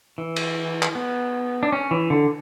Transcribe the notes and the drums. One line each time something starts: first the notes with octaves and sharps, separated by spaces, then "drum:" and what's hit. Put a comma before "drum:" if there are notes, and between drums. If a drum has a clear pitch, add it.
E3
drum: cymbal
drum: clap
B3
D4
C#4
E3
D3